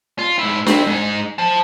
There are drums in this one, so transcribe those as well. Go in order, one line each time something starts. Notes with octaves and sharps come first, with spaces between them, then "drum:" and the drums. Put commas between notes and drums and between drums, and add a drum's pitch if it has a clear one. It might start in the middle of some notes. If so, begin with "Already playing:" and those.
F4
G#2 E4
C4 E4, drum: snare D4
G#2 D#4
C5 A5